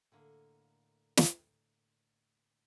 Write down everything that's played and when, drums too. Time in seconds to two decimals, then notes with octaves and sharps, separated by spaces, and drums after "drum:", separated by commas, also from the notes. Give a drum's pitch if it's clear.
0.12 A2 D3 A#3
1.17 drum: snare